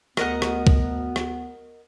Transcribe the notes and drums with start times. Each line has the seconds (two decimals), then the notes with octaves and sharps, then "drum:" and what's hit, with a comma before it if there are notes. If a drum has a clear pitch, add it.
0.17 D2 B3 A#4 D#5 F#5, drum: rim click
0.42 drum: rim click
0.67 drum: kick
1.16 drum: rim click